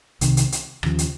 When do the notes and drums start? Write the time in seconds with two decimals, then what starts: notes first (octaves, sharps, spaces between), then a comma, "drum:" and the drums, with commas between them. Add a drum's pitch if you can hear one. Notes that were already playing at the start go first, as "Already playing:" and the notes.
0.21 C2 C3 D#3, drum: hi-hat
0.37 drum: hi-hat
0.52 drum: hi-hat
0.83 D#2 C#3 F3, drum: rim click
0.99 drum: hi-hat